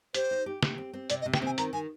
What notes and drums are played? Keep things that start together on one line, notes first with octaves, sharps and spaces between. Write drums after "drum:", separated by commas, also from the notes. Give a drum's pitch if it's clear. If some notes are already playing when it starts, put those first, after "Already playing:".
G4 C5, drum: hi-hat
D#4
G4
G4, drum: snare
C4
C4
C3 D5, drum: hi-hat
D#5
C3
G5, drum: snare
C4 G#5
D#3 A#5, drum: hi-hat
D#3 G#5